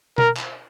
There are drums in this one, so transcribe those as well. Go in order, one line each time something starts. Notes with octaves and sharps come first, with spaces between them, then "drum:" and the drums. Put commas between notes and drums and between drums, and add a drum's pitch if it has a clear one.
A#4, drum: tom B2
drum: clap